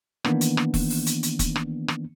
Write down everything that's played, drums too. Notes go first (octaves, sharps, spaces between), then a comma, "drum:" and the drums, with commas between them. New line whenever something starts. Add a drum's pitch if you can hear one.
D#3 E3 A#3 B3 D4, drum: rim click
drum: hi-hat
drum: rim click
drum: kick E1, open hi-hat
drum: open hi-hat
drum: hi-hat
drum: hi-hat
drum: kick E1, hi-hat
drum: rim click
drum: rim click